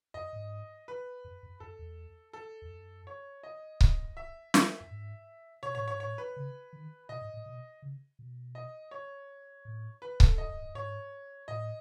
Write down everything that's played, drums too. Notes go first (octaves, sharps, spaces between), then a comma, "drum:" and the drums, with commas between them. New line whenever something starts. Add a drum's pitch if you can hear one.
F#2 D#5
G#2
B4
F#2
F#2
F#2 A4
E2
A4
E2
F#2
C#5
D#5
F#2, drum: kick C#1
E5
E5, drum: snare
F#2
G#2
B2 C#5
A2 C#5
G#2 C#5
A2 C#5
B4
C#3
D#3
B2 D#5
G#2
A2
B2
C#3
B2
D#5
C#5
A2
B4
A4, drum: kick C#1
F#2 D#5
E2
F#2
G#2 C#5
A2 D#5